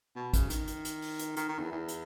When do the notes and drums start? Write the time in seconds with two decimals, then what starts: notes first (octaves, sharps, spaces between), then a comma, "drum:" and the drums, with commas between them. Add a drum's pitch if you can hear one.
0.16 B2
0.34 C#3, drum: kick, hi-hat
0.50 D#3, drum: hi-hat
0.68 drum: hi-hat
0.85 drum: hi-hat
1.02 drum: open hi-hat
1.19 drum: hi-hat
1.37 D#3, drum: hi-hat
1.49 D#3
1.60 E2
1.72 E2
1.88 drum: hi-hat